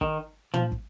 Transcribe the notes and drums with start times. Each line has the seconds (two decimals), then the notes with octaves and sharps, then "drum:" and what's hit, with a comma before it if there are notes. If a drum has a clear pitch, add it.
0.01 D#3, drum: kick
0.54 F3, drum: tom
0.72 drum: kick